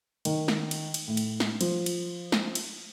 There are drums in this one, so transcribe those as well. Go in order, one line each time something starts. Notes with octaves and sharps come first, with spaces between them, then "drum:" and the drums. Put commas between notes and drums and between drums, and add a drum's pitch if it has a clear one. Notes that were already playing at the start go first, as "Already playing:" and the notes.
D#3, drum: cymbal
drum: snare
drum: cymbal
drum: cymbal
A2
drum: cymbal
drum: snare
F3, drum: cymbal
drum: cymbal
drum: snare
drum: cymbal